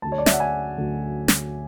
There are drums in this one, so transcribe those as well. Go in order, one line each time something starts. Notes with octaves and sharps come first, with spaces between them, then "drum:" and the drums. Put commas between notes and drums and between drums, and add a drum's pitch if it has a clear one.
D2 D3 F#3 A5
C#5
D5
E5, drum: snare
F#5
G#5
D2 D3 F#3
drum: snare